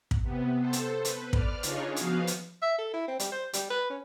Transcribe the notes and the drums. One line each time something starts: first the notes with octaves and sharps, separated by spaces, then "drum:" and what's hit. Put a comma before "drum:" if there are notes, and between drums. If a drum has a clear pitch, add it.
drum: kick
C3 B3
A4 C5
drum: hi-hat
B4, drum: hi-hat
D5 F6, drum: kick
C#3 D4 D#4 F4 G#4 C#5, drum: hi-hat
F3 B3 F#4 F5, drum: hi-hat
drum: hi-hat
E5
A4
E4
C4
G3, drum: hi-hat
C5
G3, drum: hi-hat
B4
C#4